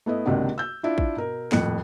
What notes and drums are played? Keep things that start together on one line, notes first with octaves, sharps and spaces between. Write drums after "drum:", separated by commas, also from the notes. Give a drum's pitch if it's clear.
A3 B3 E4 D#5
F#1 C#2 C3 D#3 D4 F#5
E6 G6
D4 E4 F4
drum: kick
B2 A#4
D#1 F2 A2 F#6 C#7, drum: snare